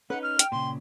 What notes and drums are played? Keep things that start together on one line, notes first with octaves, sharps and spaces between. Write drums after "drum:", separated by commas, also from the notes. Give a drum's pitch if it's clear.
C#4 D#4 B4 F#5
F6
G5, drum: hi-hat
A#2 C#3 C6